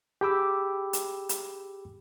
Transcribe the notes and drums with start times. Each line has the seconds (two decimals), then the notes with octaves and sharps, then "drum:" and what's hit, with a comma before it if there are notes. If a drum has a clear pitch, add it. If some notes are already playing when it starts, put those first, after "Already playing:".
0.21 G4 G#4 G5 B5 D6 E6
0.93 drum: hi-hat
1.29 drum: hi-hat